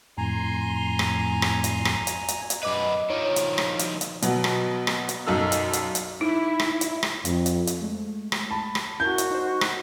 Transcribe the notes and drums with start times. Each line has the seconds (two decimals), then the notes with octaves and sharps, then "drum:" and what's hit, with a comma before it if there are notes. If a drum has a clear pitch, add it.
0.18 F2 A2 G#5 A#5 C6
0.99 drum: rim click
1.42 drum: rim click
1.64 drum: hi-hat
1.85 drum: rim click
2.07 drum: hi-hat
2.28 drum: hi-hat
2.50 drum: hi-hat
2.63 F#2 B4 D#5 D6
3.10 D#3 F3 C#5
3.36 drum: hi-hat
3.58 drum: rim click
3.79 drum: hi-hat
4.01 drum: hi-hat
4.22 B2 F#3, drum: hi-hat
4.44 drum: rim click
4.87 drum: rim click
5.09 drum: hi-hat
5.27 B1 F#2 D#4 A4 E6
5.52 drum: hi-hat
5.73 drum: hi-hat
5.95 drum: hi-hat
6.21 D#4 E4
6.60 drum: rim click
6.81 drum: hi-hat
7.03 drum: rim click
7.25 F2, drum: hi-hat
7.46 drum: hi-hat
7.67 drum: hi-hat
7.81 G#3 A3
8.32 drum: rim click
8.50 A5 B5
8.75 drum: rim click
9.00 C#4 E4 F#4 A#4 G6
9.18 drum: hi-hat
9.31 D#4 C5
9.61 drum: rim click